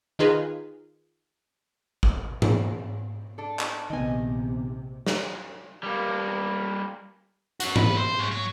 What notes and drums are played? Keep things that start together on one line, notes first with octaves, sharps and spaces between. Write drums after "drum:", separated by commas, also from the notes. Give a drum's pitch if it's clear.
D#3 D#4 F4 G#4 B4
drum: kick
drum: tom G#2
D4 A4
drum: clap
A#1 C3 D#3 B3 D#5 G#5
drum: snare
G3 A#3
C#4 F#4, drum: hi-hat
C4 B4, drum: tom G#2
C5
F#3 G#3
F#3